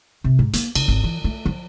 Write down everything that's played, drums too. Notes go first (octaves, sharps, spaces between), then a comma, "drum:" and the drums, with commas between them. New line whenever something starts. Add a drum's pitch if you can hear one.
C3
G#2
A#3, drum: hi-hat
C#3, drum: cymbal
G#1
E3
A3
F3